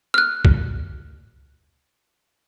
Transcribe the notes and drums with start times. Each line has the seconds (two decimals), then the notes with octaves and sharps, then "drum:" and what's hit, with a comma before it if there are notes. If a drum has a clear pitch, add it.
0.14 F6 F#6
0.45 drum: kick